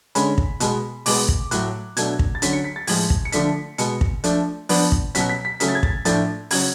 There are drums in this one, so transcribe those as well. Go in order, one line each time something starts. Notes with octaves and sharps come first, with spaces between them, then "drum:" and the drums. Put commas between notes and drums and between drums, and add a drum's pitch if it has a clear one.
D3 G#3 C#4 B5, drum: hi-hat
drum: kick
B2 G#3 B3, drum: hi-hat
B2 G#3 B3 D6, drum: open hi-hat
drum: kick
A2 F#3 A3 F#6, drum: hi-hat
B2 F#3 A3 D4 G#6, drum: hi-hat
drum: kick
A6
D3 F#3 C#4 B6, drum: hi-hat
C#7
B6
A6
A2 F3 G#3 G#6, drum: open hi-hat
drum: kick
C#7
D3 F3 A3 D4 B6, drum: hi-hat
B2 G#3 B3 C#7, drum: hi-hat
drum: kick
F3 A3 D4, drum: hi-hat
F3 B3 D4, drum: open hi-hat
drum: kick
B2 F#3 C#4 B6, drum: hi-hat
B6
B6
C#3 F#3 A3 C#4 B6, drum: hi-hat
A6
G#6
A6, drum: kick
A2 F3 A3 D4 A6, drum: hi-hat
C#3 F#3 C#4 G#6, drum: open hi-hat